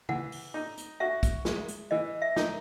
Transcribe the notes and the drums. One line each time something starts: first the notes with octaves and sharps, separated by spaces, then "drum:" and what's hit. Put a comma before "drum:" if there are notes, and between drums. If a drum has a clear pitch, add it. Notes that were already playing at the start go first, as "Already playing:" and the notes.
E3 F#5, drum: tom C#3
drum: open hi-hat
D#4
drum: hi-hat
F#4 E5
drum: kick, hi-hat
G#3, drum: snare
drum: hi-hat
E3 D#5
E5
D#4, drum: snare